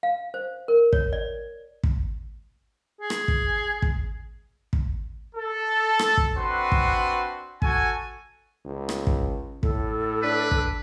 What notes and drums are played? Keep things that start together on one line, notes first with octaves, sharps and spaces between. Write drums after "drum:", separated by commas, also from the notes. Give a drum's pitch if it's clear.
F5
C5
A#4
C#5, drum: kick
D5
drum: kick
G#4
drum: rim click
drum: kick
drum: kick
drum: kick
A4
drum: rim click
drum: kick
C4 D4 F#4 B4 C6
drum: kick
F#4 A4 G#5, drum: kick
C#2
drum: rim click
drum: kick
A2 A4, drum: kick
D4 B4
drum: kick